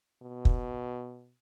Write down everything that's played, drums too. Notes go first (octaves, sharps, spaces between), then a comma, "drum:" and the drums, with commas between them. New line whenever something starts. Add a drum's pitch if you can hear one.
B2
drum: kick